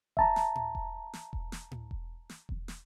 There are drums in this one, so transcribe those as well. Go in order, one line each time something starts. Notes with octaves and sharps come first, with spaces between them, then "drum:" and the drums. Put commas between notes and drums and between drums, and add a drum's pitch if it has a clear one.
E5 A5 A#5, drum: kick E1
drum: snare
drum: tom A2
drum: kick E1
drum: snare
drum: kick E1
drum: snare
drum: tom A2
drum: kick E1
drum: snare
drum: kick E1
drum: snare